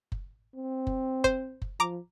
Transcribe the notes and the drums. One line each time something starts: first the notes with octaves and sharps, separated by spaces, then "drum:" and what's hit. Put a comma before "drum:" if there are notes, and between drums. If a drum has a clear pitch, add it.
drum: kick F#1
C4
drum: kick F#1
C5, drum: kick F#1
drum: kick F#1
F3 A#5 D6